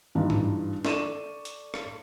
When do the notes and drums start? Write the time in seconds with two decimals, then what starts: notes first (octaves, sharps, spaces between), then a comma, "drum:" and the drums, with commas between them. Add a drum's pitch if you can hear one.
0.15 G2 E3 D4 D#4 F4
0.30 drum: tom G#2
0.85 A4 D5 C#6 D#7 E7, drum: snare
1.45 drum: hi-hat
1.74 drum: rim click